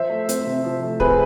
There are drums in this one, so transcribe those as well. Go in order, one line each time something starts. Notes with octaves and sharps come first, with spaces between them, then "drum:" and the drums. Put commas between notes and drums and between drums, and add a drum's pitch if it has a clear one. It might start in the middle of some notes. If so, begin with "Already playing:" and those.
Already playing: F3 C5 E5
A3
C4, drum: hi-hat
C3
F3
A3
C4 G#4 B4, drum: kick